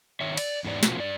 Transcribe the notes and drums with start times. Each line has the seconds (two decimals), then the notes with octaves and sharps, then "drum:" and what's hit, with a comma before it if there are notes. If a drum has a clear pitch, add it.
0.21 D#3 C#5 E5
0.37 D5, drum: cymbal
0.65 E2 G#2 B3 D5
0.83 B2 F3 A#3 C4 F4 F#4, drum: snare
0.98 G2 D5